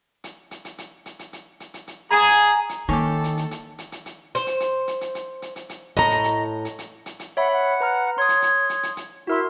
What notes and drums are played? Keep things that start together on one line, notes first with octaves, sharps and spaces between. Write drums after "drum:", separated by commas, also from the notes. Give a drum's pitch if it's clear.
drum: hi-hat
drum: hi-hat
drum: hi-hat
drum: hi-hat
drum: hi-hat
drum: hi-hat
drum: hi-hat
drum: hi-hat
drum: hi-hat
drum: hi-hat
G#4 G#5 A#5
drum: hi-hat
drum: hi-hat
D#3 A#3 C#4 G4 A4
drum: hi-hat
drum: hi-hat
drum: hi-hat
drum: hi-hat
drum: hi-hat
drum: hi-hat
C5, drum: hi-hat
drum: hi-hat
drum: hi-hat
drum: hi-hat
drum: hi-hat
drum: hi-hat
drum: hi-hat
drum: hi-hat
drum: hi-hat
A2 D#5 A#5, drum: hi-hat
drum: hi-hat
drum: hi-hat
drum: hi-hat
drum: hi-hat
drum: hi-hat
drum: hi-hat
C#5 E5 F#5 B5
F#5
B4 A#5 F6
C#5 C6 D#6
drum: hi-hat
drum: hi-hat
drum: hi-hat
drum: hi-hat
drum: hi-hat
E4 F#4 A#4 C6